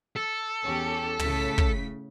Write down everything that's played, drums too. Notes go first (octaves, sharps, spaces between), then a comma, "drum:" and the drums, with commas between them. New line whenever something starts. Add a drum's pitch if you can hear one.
A4
E2 C#4 G4
A2 C#3 B6, drum: tom
drum: kick